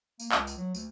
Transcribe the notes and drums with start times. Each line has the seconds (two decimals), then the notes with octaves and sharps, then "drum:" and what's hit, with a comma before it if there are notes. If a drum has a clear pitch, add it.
0.20 A#3, drum: tambourine
0.32 C#2, drum: clap
0.47 drum: tambourine
0.57 F#3
0.75 D2, drum: tambourine